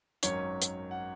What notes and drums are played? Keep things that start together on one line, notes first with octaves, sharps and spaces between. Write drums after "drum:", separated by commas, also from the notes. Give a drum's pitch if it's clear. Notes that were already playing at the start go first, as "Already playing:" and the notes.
G#1 F#2 D#3 F#3 C#4 C#5, drum: hi-hat
drum: hi-hat
F#5